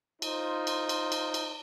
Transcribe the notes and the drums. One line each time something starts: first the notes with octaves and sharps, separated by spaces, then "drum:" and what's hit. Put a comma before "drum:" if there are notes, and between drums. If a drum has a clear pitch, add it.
D#4 F4 C5, drum: cymbal
drum: cymbal
drum: cymbal
drum: cymbal
drum: cymbal